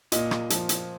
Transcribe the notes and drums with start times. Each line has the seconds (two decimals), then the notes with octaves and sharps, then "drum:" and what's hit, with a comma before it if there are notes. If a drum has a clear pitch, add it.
0.12 A#2 D#5, drum: hi-hat
0.31 drum: rim click
0.50 F3, drum: hi-hat
0.69 drum: hi-hat